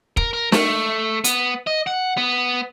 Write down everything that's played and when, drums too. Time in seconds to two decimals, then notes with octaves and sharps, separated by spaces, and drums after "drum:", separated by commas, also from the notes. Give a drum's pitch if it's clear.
0.17 A#4, drum: kick
0.33 A#4
0.52 A3, drum: snare
1.24 B3, drum: hi-hat
1.67 D#5
1.87 F#5
2.17 B3